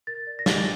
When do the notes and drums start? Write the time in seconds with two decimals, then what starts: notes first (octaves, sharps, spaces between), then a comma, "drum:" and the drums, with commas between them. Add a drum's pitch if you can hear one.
0.07 A#4 A6
0.27 D5
0.39 A#6
0.46 G4 A6, drum: snare